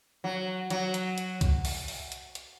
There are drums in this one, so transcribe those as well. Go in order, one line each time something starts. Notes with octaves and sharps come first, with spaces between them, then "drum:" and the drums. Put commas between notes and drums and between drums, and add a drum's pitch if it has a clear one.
F#3
F#3, drum: hi-hat
drum: hi-hat
drum: hi-hat
drum: kick B1, hi-hat
drum: open hi-hat
drum: open hi-hat
drum: hi-hat
drum: hi-hat